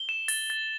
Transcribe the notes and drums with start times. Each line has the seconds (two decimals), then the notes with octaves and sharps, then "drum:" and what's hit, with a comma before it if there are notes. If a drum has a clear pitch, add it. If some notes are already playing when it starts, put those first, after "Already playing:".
Already playing: G7
0.09 E7
0.28 A6, drum: open hi-hat
0.50 A6